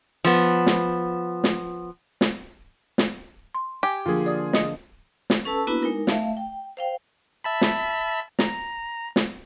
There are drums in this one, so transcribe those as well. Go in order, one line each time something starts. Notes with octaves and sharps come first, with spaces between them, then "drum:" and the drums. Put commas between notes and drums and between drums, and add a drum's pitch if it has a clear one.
F3 B3
drum: snare
drum: snare
drum: snare
drum: snare
C6
G4 G#5
D3 F3 A#3 F4 G#4
D5 D#6
D#5 D#6 C#7, drum: snare
drum: snare
C#4 A4 B4 A5 E6
A#3 B3 D4 E4 F#4 B4
G#3 D#4 A#4
A3 E5 F5, drum: snare
G5
C5 F5 G5
E5 A5 B5
drum: snare
A#5, drum: snare
drum: snare